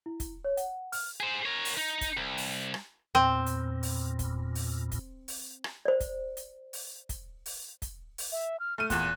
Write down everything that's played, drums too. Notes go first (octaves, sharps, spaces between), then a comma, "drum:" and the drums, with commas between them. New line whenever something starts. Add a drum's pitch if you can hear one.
E4
drum: kick, hi-hat
C#5
F#5, drum: hi-hat
F6, drum: open hi-hat
G#4 C5
A#4 C#5
drum: open hi-hat
D#4
drum: kick, hi-hat
C2
drum: open hi-hat
drum: rim click
E2 A#2 C4
drum: hi-hat
drum: open hi-hat
drum: kick, hi-hat
drum: open hi-hat
drum: kick, hi-hat
drum: open hi-hat
drum: rim click
C5 D5
drum: kick, hi-hat
drum: hi-hat
drum: open hi-hat
drum: kick, hi-hat
drum: open hi-hat
drum: kick, hi-hat
drum: open hi-hat
E5
F6
A3 F6 D#7
E2 A#2 F#6, drum: kick, hi-hat